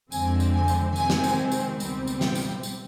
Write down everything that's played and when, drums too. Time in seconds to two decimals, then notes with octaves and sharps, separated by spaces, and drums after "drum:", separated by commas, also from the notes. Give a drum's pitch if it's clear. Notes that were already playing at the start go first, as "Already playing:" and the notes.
0.12 F2 D3 F3 G#3 C4 G#5, drum: tambourine
0.40 drum: tambourine
0.53 G#5
0.68 drum: tambourine
0.96 C3 D#3 G#3 C4 G#5, drum: tambourine
1.10 drum: snare
1.24 drum: tambourine
1.52 drum: tambourine
1.80 C#2 B2 G3 C4, drum: tambourine
2.07 drum: tambourine
2.21 G5, drum: snare
2.35 drum: tambourine
2.63 drum: tambourine